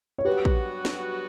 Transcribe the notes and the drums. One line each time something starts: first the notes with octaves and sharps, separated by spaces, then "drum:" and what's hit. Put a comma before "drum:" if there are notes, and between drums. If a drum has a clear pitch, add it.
C#5
G2 F#3 B3 F#4 G4 B4
drum: kick
drum: snare